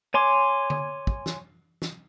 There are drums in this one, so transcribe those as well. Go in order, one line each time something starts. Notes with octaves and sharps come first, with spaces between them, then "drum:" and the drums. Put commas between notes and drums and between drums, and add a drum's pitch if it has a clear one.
C#5 G#5 C6 D6
drum: tom D3
drum: kick
drum: snare
drum: snare